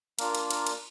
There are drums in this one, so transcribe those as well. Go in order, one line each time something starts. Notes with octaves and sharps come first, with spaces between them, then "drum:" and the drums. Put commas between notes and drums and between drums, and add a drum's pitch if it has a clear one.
A#3 D4 F4 A#4, drum: cymbal
drum: cymbal
A#4, drum: cymbal
drum: cymbal